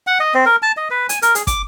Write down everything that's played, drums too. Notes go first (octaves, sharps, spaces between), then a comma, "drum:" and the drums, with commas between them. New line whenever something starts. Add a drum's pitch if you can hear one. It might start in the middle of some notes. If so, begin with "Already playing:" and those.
F#5
D#5
C4
A#4
A5
D#5
B4
G#5, drum: hi-hat
A#4, drum: hi-hat
G#4, drum: hi-hat
D6, drum: kick, hi-hat